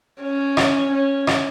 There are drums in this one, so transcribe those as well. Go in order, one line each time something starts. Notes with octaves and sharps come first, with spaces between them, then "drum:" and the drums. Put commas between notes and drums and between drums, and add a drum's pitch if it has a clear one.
C#4
drum: rim click
C#4
drum: rim click